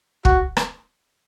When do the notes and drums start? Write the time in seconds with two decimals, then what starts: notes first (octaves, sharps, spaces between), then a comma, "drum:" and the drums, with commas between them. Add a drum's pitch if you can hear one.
0.25 F#4, drum: kick
0.57 drum: rim click